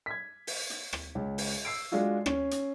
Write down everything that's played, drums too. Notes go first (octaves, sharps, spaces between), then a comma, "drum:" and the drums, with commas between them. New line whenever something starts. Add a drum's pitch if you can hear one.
G#6 B6
drum: open hi-hat
drum: hi-hat
drum: rim click
C#2
drum: open hi-hat
E6 C7 D7
G#3 D4 F4 F#4
C#4, drum: rim click
drum: hi-hat